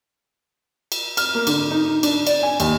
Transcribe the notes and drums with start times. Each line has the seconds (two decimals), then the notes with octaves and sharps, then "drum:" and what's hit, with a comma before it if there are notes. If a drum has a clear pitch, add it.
0.92 drum: cymbal
1.17 F6, drum: cymbal
1.35 A#3
1.47 D3, drum: cymbal
1.71 D#4
2.03 D4, drum: cymbal
2.27 D5, drum: cymbal
2.43 G#5
2.60 D#2, drum: cymbal